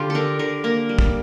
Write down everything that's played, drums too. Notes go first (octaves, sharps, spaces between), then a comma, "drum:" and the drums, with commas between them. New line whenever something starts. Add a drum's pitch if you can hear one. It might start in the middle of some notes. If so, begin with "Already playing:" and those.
Already playing: D3 F4 G4
D4 A4 A#4
D3 A#4
A#3 A#4
G3
drum: kick